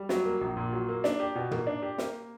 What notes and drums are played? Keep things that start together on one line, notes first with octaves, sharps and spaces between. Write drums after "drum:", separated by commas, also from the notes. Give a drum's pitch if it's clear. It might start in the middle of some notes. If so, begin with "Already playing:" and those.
Already playing: G3
F#3, drum: snare
A#3
A#1
A#2
F#3
A#3
D4, drum: snare
G4
B2
A#3, drum: tom
D4
G4
A#3, drum: snare